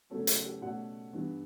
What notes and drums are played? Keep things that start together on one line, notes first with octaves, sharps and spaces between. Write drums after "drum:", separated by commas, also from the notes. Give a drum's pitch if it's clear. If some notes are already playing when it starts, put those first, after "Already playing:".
C#3 F#3 A3 C#4 F#4 A4
F#4, drum: hi-hat
G4
B2 A3 C#4 D5 F#5
G2 E3 B3